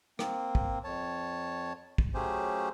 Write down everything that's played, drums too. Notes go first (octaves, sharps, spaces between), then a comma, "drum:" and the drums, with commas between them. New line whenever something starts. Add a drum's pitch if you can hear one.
A#3 C4, drum: rim click
drum: kick
F2 C#5 A5
drum: kick
F#3 A3 C#4 G4 G#4 C5